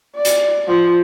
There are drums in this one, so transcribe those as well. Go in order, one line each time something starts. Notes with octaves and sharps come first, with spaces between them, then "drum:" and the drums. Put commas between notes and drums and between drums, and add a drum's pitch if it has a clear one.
D5
drum: hi-hat
F3